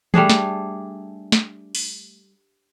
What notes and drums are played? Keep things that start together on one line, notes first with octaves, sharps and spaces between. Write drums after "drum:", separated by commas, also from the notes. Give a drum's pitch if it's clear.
G3 A3 D4 G#4, drum: tom E3
drum: snare
drum: snare
drum: open hi-hat